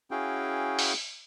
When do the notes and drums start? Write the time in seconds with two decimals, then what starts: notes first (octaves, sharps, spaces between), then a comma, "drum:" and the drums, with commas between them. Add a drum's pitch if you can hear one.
0.11 C#4 E4 F#4 G#4 F5 G5
0.79 drum: open hi-hat